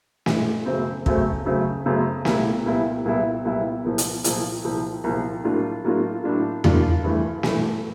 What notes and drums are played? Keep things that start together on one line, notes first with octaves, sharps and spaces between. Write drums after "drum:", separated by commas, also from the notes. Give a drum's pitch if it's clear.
G2 E3 G#3, drum: snare
F#2 C#3 F#3 A3 C4
F#2 C#3 F#3 A3 C4, drum: kick
F#2 C#3 F#3 A3 C4
F#2 C#3 F#3 A3 C4
C2 A#2 G3 B3 E4, drum: snare
C2 A#2 G3 B3 E4
C2 A#2 G3 B3 E4
C2 A#2 G3 B3 E4
C2 A#2 F3
drum: hi-hat
C2 A#2 F3, drum: hi-hat
C2 A#2 F3
C2 A#2 F3
A2 F#3 A#3 D4 F4
A2 F#3 A#3 D4 F4
A2 F#3 A#3 D4 F4
A2 F#3 A#3 D4 F4, drum: tom E2
G2 E3 A3
G2 E3 A3, drum: snare